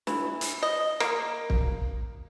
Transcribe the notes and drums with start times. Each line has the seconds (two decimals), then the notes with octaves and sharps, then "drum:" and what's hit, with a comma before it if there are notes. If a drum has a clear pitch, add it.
0.07 E3, drum: snare
0.41 drum: hi-hat
0.62 D#5
1.00 A#3, drum: rim click
1.50 drum: kick